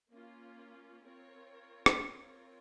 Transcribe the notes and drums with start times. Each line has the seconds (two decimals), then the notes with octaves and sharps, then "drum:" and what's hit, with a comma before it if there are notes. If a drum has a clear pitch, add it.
0.11 A#3 C#4 F4
1.05 C4 F4 A#4 C#5
1.86 drum: rim click
1.99 C4 F4 A#4 C#5